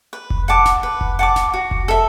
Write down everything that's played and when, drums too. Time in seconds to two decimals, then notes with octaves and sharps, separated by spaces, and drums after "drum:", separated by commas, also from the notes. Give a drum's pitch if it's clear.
0.13 B4
0.30 drum: kick F1
0.48 F#5 A5 D6
0.66 drum: snare D1
0.83 B4
1.01 drum: kick F1
1.19 F#5 A5 D6
1.36 drum: snare D1
1.54 F#4
1.71 drum: kick F1
1.88 A4 E5